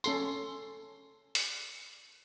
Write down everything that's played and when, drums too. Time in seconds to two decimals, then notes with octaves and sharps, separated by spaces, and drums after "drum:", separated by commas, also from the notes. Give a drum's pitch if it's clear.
0.04 C#4 A4 C6, drum: tambourine
1.35 drum: open hi-hat